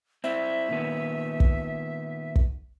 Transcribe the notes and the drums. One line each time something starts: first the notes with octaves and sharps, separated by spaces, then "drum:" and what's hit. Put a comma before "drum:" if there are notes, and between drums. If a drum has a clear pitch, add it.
C4 E4 E5
A#2 D#3 B3
drum: kick
drum: kick